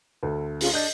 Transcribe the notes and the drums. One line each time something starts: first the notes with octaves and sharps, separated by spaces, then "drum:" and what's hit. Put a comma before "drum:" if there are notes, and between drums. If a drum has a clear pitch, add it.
D2 D3
C#4 F4 G#4, drum: open hi-hat
D4 D#5 G6